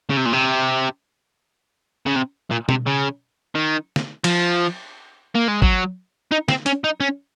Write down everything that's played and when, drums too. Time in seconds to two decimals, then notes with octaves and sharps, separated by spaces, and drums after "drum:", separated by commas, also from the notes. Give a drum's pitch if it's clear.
0.10 C#3
0.17 C3
0.25 A#2
0.33 C3
2.06 C#3
2.16 C3
2.50 A#2
2.69 C3, drum: tom B2
2.86 C#3
3.55 D#3
3.96 drum: snare
4.24 F3, drum: cymbal
5.35 A#3
5.48 G#3
5.62 F#3, drum: kick G#1
6.32 D#4
6.48 C4, drum: snare
6.66 C#4, drum: hi-hat
6.84 D#4
7.00 C#4